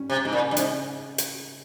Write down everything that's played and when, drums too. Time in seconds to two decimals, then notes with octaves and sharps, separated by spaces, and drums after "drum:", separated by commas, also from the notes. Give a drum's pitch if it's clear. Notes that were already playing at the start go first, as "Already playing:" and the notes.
Already playing: G3 C#4
0.10 C3
0.25 G#2 C#3
0.33 A#2
0.51 G2
0.57 G#2 C#3, drum: hi-hat
1.18 drum: hi-hat